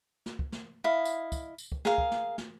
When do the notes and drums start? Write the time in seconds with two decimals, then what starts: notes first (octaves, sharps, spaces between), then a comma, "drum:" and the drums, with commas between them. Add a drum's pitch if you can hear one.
0.26 drum: snare
0.39 drum: kick
0.52 drum: snare
0.84 E4 D#5 F5
1.05 drum: tambourine
1.32 drum: kick, tambourine
1.58 drum: tambourine
1.72 drum: kick
1.85 G#4 A#4 F5, drum: snare
1.98 drum: kick
2.11 drum: snare
2.38 drum: snare